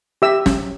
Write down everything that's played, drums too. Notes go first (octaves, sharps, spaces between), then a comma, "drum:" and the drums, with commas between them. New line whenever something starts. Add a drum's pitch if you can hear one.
G4 E5 E6
C#4, drum: snare